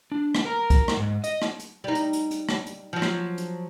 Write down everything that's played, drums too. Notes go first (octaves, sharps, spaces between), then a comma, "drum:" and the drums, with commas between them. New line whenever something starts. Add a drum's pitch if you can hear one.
D4
drum: rim click
A#4 A#5
drum: kick, hi-hat
drum: rim click
G#2
D#5, drum: hi-hat
drum: rim click
drum: hi-hat
G3 D#4
drum: hi-hat
drum: hi-hat
drum: hi-hat
drum: rim click
drum: hi-hat
F3 F#3
drum: rim click
drum: hi-hat